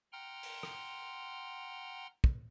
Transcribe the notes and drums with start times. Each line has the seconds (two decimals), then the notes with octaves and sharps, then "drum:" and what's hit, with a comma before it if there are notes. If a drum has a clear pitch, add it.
0.12 F#5 G5 A#5 C6 F6
0.43 drum: open hi-hat
0.63 drum: rim click
2.24 drum: kick